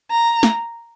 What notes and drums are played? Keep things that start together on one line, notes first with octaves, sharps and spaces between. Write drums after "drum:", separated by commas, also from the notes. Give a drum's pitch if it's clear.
A#5
drum: snare